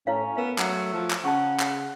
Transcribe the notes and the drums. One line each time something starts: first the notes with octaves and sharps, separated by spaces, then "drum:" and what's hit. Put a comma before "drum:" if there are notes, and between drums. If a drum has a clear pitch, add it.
A2 C#4 E4 C#5 F5
B3 A#4 F5
F#3 A3, drum: clap
F3
drum: clap
C#3 F#5 A5 C#6
drum: clap